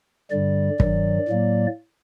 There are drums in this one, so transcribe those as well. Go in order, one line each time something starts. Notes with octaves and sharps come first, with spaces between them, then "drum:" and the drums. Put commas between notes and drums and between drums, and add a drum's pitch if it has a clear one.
G2 D3 G3 D5
G2 D#3 F#3, drum: kick
A2 F#3 A#3